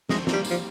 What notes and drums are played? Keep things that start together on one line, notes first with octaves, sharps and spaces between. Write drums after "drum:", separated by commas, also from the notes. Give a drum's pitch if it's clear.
G#3 C4, drum: snare
A#3, drum: snare
G3
G3, drum: tambourine
F3